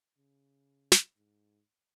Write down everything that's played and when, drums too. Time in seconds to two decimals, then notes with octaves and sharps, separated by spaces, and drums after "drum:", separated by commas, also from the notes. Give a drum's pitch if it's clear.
0.17 C#3
0.92 drum: snare
1.16 G#2